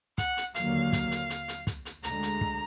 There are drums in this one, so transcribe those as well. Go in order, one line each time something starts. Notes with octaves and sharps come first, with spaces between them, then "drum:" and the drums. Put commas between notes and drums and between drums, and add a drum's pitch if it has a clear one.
F#5, drum: kick, hi-hat
drum: hi-hat
D#2 D3 F#3 A#3 F5, drum: hi-hat
drum: kick, hi-hat
drum: hi-hat
drum: hi-hat
drum: hi-hat
drum: kick, hi-hat
drum: hi-hat
D2 D3 G#3 A#5, drum: hi-hat
drum: hi-hat
drum: kick